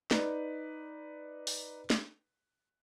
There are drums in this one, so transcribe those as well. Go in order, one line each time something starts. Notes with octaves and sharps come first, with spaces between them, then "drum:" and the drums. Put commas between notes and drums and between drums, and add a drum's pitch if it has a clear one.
D#4 B4 D5, drum: snare
drum: open hi-hat
drum: snare